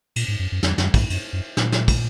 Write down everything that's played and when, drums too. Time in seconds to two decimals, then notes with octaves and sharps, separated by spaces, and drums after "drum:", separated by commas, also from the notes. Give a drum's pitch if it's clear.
0.16 A#2, drum: cymbal
0.28 G#2
0.39 F#2
0.52 F#2
0.63 F2, drum: snare
0.78 F#2, drum: snare
0.94 G#2, drum: kick, cymbal
1.10 F#2, drum: cymbal
1.33 F#2
1.57 A#2, drum: snare
1.72 drum: snare
1.88 drum: kick, cymbal